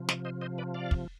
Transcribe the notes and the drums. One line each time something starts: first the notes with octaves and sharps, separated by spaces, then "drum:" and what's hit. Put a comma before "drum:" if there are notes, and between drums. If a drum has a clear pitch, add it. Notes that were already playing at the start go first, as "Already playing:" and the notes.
Already playing: C3 F3
C5 D#5, drum: snare
C5 D#5
C5 D#5
B4 D5
D5 F5
drum: kick